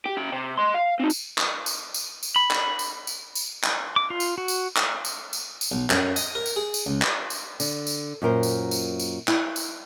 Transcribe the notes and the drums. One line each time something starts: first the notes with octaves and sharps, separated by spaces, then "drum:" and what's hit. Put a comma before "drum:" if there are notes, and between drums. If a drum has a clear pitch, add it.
G4
C#3 G5
C3
D#5 C6
F5
C4 D#4
drum: tambourine
drum: clap
drum: tambourine
drum: tambourine
drum: tambourine
B5
drum: clap
drum: tambourine
drum: tambourine
drum: tambourine
drum: clap
D6
F4
drum: tambourine
F#4
drum: tambourine
drum: clap
drum: tambourine
drum: tambourine
drum: tambourine
B1
F#2, drum: clap
D#5, drum: tambourine
A#4
drum: tambourine
G#4
drum: tambourine
C#2
drum: clap
drum: tambourine
D3, drum: tambourine
drum: tambourine
F#2 A#2 A#4 C5
drum: tambourine
drum: tambourine
drum: tambourine
E4, drum: clap
drum: tambourine